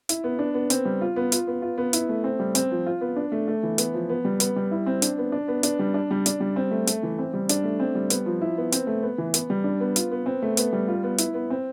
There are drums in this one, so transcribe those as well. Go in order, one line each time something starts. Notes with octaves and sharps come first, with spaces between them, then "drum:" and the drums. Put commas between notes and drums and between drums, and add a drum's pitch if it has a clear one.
E4, drum: hi-hat
B3
D4
B3
C4, drum: hi-hat
G3
F4
B3
F4, drum: hi-hat
B3
F4
B3
E4, drum: hi-hat
A3
C4
G3
C4, drum: hi-hat
F3
F4
B3
D4
A3
A3
E3
B3, drum: hi-hat
F3
B3
G3
B3, drum: hi-hat
G3
E4
C4
D4, drum: hi-hat
B3
D4
B3
D4, drum: hi-hat
G3
D4
G3
D4, drum: hi-hat
G3
C4
A3
A3, drum: hi-hat
E3
C4
G3
D4, drum: hi-hat
A3
C4
G3
B3, drum: hi-hat
F3
E4
B3
C4, drum: hi-hat
A3
B3
E3
B3, drum: hi-hat
G3
D4
B3
F4, drum: hi-hat
B3
C4
A3
B3, drum: hi-hat
G3
F4
B3
E4, drum: hi-hat
B3
C4